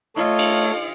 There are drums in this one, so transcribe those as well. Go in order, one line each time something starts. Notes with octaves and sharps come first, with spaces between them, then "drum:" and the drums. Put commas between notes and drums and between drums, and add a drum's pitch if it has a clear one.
A3 F4 A4 C#5 D#5
drum: cymbal